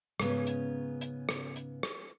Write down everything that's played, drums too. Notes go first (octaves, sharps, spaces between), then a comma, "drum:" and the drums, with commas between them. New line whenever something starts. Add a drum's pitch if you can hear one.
G#2 C#3 B3 C#4, drum: rim click
drum: hi-hat
drum: hi-hat
drum: rim click
drum: hi-hat
drum: rim click